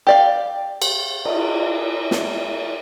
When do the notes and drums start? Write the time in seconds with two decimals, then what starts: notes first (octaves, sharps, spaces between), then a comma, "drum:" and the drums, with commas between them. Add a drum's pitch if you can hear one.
0.07 G4 D5 F5
0.82 drum: cymbal
1.25 drum: cymbal
2.11 drum: snare